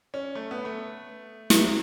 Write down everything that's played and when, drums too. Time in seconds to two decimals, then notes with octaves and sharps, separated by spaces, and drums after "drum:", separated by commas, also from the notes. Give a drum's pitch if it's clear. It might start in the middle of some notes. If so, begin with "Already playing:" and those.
0.14 C#4
0.35 A3
0.51 B3
0.65 A3
1.50 drum: snare
1.62 F#3